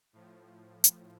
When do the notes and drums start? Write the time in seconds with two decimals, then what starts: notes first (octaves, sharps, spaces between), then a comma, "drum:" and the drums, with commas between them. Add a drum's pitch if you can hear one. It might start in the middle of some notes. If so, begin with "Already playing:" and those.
0.13 A2 F3
0.84 drum: hi-hat